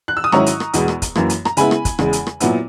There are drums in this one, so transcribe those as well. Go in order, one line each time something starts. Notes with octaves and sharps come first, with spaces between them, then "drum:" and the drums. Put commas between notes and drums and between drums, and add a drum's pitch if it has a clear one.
F#6
E6
D#6
G#2 D#3 F#3 C#4 E4 A#5 C#6, drum: rim click
drum: hi-hat
drum: rim click
E2 B2 G#3 B3, drum: hi-hat
drum: rim click
drum: kick, hi-hat
F#2 E3 A#3, drum: rim click
drum: hi-hat
A#5, drum: rim click
C#3 G#3 B3 E4 G#5 B5, drum: hi-hat
drum: rim click
drum: kick, hi-hat
E2 C#3 G#3, drum: rim click
drum: hi-hat
drum: rim click
A#2 F#3 B3 E4, drum: hi-hat